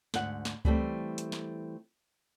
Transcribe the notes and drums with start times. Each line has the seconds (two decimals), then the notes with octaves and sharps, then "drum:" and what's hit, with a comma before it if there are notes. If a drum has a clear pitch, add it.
0.14 D2 G#2 F#5, drum: snare
0.45 drum: snare
0.65 E3 G3 A3 C4, drum: kick C#2
1.18 drum: hi-hat
1.32 drum: snare